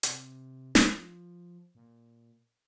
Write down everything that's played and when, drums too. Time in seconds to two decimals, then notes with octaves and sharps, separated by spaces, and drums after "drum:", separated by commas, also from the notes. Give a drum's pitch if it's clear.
0.03 C3, drum: hi-hat
0.75 F3, drum: snare
1.75 A#2